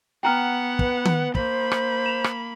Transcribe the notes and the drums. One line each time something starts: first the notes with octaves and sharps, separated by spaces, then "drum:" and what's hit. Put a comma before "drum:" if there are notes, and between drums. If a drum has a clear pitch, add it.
B3 F#5 G5 A#5 F6
B4, drum: kick
drum: tom D#3
A#3 C5 B5, drum: kick
drum: rim click
E7 F7
drum: rim click